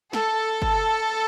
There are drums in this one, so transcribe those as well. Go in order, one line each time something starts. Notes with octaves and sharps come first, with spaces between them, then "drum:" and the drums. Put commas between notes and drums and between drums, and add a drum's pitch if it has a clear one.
A4, drum: snare
drum: kick G1